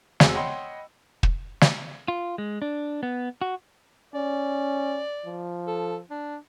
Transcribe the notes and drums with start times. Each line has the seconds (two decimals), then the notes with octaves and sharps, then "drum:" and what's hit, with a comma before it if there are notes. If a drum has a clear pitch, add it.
0.20 E1 G#3 C4 F#4 G#5 E6, drum: snare
0.34 C#5 D#5 F#5 G5 B5 C6
1.23 drum: kick
1.61 drum: snare
2.08 F4
2.38 G#3
2.62 D4
3.03 B3
3.42 F#4
4.14 C#4 D5
5.25 F3
5.68 A4
6.11 D4